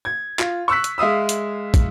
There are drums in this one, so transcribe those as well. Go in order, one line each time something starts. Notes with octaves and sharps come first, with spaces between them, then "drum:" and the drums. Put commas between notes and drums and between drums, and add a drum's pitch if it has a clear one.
G#6
F4, drum: clap
C#6 E6 F#6 B6
drum: hi-hat
G#3 E5 F5 D#6 E6
drum: hi-hat
drum: kick, hi-hat